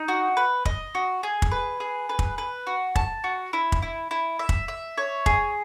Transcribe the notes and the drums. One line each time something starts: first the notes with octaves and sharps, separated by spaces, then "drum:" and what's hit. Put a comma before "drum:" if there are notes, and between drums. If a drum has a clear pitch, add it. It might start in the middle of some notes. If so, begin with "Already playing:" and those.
Already playing: D#4
F#4
B4
D#5, drum: kick
F#4
G#4
drum: kick
B4
G#4
B4
drum: kick
B4
F#4
A5, drum: kick
F#4
E4
drum: kick
E4
E4
E5
drum: kick
E5
C#5
G#4, drum: kick